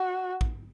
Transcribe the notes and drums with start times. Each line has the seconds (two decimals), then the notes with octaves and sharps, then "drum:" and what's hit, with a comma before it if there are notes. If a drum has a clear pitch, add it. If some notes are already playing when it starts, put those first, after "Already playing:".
Already playing: F#4
0.41 drum: kick